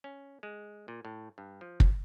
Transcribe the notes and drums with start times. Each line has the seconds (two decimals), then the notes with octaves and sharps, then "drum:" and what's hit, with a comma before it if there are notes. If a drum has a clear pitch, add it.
0.04 C#4
0.43 G#3
0.88 A#2
1.05 A2
1.38 G2
1.61 F3
1.80 drum: kick